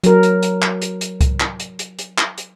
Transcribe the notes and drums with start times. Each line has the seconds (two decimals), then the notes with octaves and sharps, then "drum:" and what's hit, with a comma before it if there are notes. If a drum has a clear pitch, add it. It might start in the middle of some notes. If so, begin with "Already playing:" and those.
0.04 F#3 A#4, drum: hi-hat
0.23 drum: hi-hat
0.43 drum: hi-hat
0.62 drum: clap
0.82 drum: hi-hat
1.01 drum: hi-hat
1.21 drum: kick C2, hi-hat
1.40 drum: clap
1.60 drum: hi-hat
1.79 drum: hi-hat
1.99 drum: hi-hat
2.18 drum: clap
2.38 drum: hi-hat